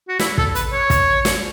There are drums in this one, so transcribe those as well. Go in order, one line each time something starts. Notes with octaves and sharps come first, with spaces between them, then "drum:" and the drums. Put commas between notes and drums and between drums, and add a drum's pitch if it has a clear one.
F#4
E4, drum: snare
A4, drum: kick
B4, drum: hi-hat
C#5
drum: kick, hi-hat
drum: snare